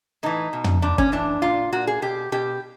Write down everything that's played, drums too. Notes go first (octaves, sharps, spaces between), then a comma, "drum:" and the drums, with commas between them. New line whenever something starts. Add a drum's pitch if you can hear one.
A2 E3 D#4
B2
drum: tom
A#2 D4
C#4, drum: kick
A2 E3 D4
A#2 F4
A#2 F#4
G#4
B2 G4
B2 G4